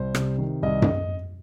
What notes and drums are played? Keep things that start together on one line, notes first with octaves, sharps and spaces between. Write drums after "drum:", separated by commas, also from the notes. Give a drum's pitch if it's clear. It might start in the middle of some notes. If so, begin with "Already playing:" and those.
Already playing: C2 C5
C3, drum: rim click
D#3
C2 D#5
drum: tom F#2